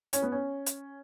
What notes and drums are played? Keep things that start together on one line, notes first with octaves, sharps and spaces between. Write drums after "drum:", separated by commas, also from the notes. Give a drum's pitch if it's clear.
C#4, drum: hi-hat
B3
C#4
drum: hi-hat